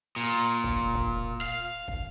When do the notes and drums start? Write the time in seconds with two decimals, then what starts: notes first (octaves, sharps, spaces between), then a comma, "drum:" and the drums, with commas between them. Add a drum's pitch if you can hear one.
0.16 A#2
0.64 drum: kick
0.95 drum: kick
1.41 F5
1.88 drum: kick